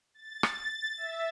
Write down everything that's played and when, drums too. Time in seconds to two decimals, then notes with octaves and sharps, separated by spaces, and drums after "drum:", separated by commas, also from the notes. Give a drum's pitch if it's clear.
0.14 A6
0.43 drum: rim click
0.97 E5